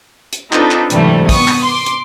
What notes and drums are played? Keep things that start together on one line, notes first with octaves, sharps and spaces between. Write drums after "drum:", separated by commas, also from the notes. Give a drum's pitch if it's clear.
drum: hi-hat
C4 D4 D#4 F4 A4 B4, drum: clap
drum: clap
G#2 C3 E3 F#3 G3 A3, drum: hi-hat
B3 C#6 D#6, drum: kick, open hi-hat
drum: clap
C6 D6
drum: hi-hat